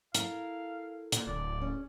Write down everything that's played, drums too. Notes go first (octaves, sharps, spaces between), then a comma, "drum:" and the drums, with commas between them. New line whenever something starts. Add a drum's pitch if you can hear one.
E4 A4 A#4 F5, drum: hi-hat
A#2, drum: hi-hat
D1 D5
C#4 G#4